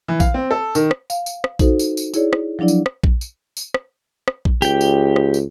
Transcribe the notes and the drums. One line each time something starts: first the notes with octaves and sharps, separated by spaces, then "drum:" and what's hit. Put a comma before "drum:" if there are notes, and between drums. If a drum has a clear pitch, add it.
E3
F5, drum: kick A#1, tambourine
C4
A4
D#3, drum: tambourine
drum: rim click
F5, drum: tambourine
drum: tambourine
drum: rim click
D#4 F#4 A4 C5, drum: kick A#1, tambourine
drum: tambourine
drum: tambourine
E4 G#4 C#5 D5, drum: tambourine
drum: rim click
F3 F#3 D4 E4 D5
drum: tambourine
drum: rim click
drum: kick A#1
drum: tambourine
drum: tambourine
drum: rim click
drum: rim click
drum: kick A#1
C#2 G4 G5, drum: tambourine
drum: tambourine
drum: rim click
drum: tambourine